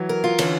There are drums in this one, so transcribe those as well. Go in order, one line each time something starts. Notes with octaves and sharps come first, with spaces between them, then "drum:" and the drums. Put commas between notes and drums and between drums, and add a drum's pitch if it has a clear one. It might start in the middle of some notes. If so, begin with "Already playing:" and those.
Already playing: E3 F#3
A#4
F4
D3 E3 C#4, drum: cymbal